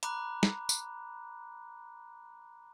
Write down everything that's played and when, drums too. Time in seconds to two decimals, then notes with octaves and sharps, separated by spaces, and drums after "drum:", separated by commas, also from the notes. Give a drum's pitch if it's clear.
0.03 A#5 B5 D6 F#6, drum: hi-hat
0.43 drum: snare
0.69 drum: tambourine